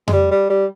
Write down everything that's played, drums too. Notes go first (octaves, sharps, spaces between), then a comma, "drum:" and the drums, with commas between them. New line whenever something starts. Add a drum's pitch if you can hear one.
G#3, drum: tom F2
G3
G3
G3